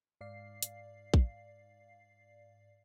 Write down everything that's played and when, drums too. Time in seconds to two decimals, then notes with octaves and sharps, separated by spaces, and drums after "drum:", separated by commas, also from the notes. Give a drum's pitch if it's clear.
0.21 G#2 D5 F5 C7
0.62 drum: hi-hat
1.14 drum: kick